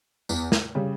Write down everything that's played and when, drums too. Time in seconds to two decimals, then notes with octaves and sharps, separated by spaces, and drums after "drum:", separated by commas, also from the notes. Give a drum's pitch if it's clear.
0.29 E2, drum: tambourine
0.52 drum: snare
0.75 C#3 G3